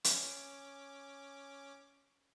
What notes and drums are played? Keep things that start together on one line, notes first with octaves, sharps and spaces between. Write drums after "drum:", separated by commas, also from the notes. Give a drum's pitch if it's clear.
C#4 D6, drum: hi-hat